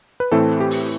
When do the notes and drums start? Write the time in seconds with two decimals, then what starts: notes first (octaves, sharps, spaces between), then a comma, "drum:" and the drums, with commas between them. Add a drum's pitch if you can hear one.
0.20 B4
0.32 A2 E3 A3 C4 A4
0.51 drum: hi-hat
0.60 G4
0.71 drum: open hi-hat